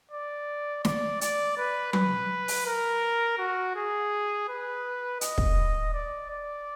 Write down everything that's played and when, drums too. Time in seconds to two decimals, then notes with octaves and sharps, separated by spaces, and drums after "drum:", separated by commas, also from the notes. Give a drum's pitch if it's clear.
0.11 D5
0.85 D5, drum: snare
1.21 D5, drum: hi-hat
1.57 B4
1.93 B4, drum: tom F#3
2.48 drum: open hi-hat
2.66 A#4
3.38 F#4
3.76 G#4
4.48 B4
5.21 D#5, drum: hi-hat
5.38 drum: kick
5.93 D5
6.30 D5